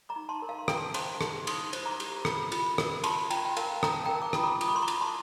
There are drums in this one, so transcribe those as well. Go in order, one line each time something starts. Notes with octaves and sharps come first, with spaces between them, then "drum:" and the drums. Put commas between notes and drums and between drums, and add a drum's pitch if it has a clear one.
A#5 D6
D#4
A5 C6
A#4
F5 A5
C6
D4 G5 A#5, drum: rim click
C5 A5 C6, drum: cymbal
G4 A5 C6, drum: rim click
D#4 C6 D#6, drum: cymbal
C5, drum: cymbal
A#5 D6
G4, drum: cymbal
F4, drum: rim click
F4, drum: cymbal
A#4, drum: rim click
F4 A5 C6, drum: cymbal
F4 G5 A#5, drum: cymbal
G5
A#4 F5 A5, drum: cymbal
D4 A#5, drum: rim click
A5
A#4 G5 A#5
D6
F4 D#6, drum: rim click
A#5 D6
F4 D#6, drum: cymbal
D6
C6
A#5 D6
F4, drum: cymbal
A5 C6